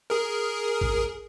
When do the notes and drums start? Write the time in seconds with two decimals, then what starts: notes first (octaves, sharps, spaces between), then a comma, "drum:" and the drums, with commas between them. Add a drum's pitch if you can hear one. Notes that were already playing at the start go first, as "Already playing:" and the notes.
0.10 G#4 A#4
0.81 drum: kick A1